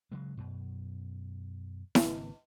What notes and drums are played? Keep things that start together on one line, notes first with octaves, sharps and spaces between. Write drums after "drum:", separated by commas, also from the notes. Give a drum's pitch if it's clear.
C#3 F#3 G#3
F#2 B2
G#1 C#3 A#3 C4, drum: snare E4